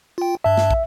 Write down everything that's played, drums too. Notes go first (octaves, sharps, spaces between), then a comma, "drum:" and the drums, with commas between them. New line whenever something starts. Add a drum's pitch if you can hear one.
F4 G5
G2 E5 A5
drum: snare
drum: kick